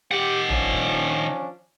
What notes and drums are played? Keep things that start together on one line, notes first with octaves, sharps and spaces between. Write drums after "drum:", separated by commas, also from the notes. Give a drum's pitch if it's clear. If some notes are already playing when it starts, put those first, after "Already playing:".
D#3 G4 F#5
F3 C#4 D4, drum: tom
drum: kick